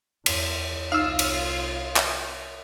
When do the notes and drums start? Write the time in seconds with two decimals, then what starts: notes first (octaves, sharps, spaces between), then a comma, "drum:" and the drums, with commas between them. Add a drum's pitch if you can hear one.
0.26 E2, drum: cymbal
0.92 C2 D#4 F4 F5 E6
1.19 drum: cymbal
1.96 drum: clap